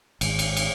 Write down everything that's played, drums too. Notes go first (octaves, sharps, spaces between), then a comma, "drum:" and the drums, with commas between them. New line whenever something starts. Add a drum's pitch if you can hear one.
G#1, drum: cymbal
drum: cymbal
drum: cymbal